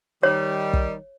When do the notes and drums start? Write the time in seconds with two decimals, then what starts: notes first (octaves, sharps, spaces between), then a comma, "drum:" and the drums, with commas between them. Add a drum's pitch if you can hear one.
0.23 D#3 G3 C#5
0.73 drum: kick